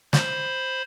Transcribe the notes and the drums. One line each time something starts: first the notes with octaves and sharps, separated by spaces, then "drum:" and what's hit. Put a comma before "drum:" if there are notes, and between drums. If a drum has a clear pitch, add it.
C5 B5, drum: snare